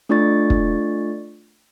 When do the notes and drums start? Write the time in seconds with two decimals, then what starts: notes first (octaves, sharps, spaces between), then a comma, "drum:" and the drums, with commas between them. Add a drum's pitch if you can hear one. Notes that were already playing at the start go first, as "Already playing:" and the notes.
0.09 A3 D4 F4 D5 C#6 A6
0.50 drum: kick